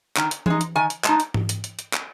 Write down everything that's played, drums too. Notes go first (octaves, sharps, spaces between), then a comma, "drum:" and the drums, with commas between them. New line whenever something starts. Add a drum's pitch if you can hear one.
D#3, drum: clap
drum: hi-hat
G#3 D#4, drum: tom E3
drum: hi-hat
D#3 G#5
drum: hi-hat
G#3 D#4 A5, drum: clap
drum: hi-hat
drum: tom G#2
drum: hi-hat
drum: hi-hat
drum: hi-hat
drum: clap